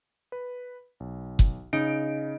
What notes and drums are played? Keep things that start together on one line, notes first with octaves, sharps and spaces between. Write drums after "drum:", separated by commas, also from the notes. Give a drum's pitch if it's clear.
B4
B1
drum: kick F#1
C#3 D#4 D7